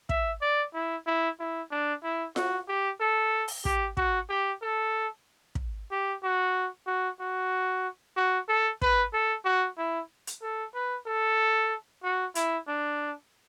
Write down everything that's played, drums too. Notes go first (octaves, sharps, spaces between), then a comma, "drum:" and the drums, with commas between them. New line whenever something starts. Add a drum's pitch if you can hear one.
E5, drum: kick
D5
E4
E4
E4
D4
E4
F#4, drum: snare F4
G4
A4
drum: open hi-hat
G4, drum: kick
F#4, drum: kick
G4
A4
drum: kick
G4
F#4
F#4
F#4
F#4
A4
B4, drum: kick
A4
F#4
E4
drum: hi-hat
A4
B4
A4
F#4
E4, drum: hi-hat
D4